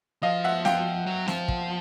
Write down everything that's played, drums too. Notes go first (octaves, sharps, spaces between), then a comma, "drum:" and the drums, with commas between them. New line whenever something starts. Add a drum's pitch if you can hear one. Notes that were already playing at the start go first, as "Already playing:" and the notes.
F3 D#5 F5
E5 F#5
F5 G5, drum: snare
F#3
F3, drum: snare
drum: kick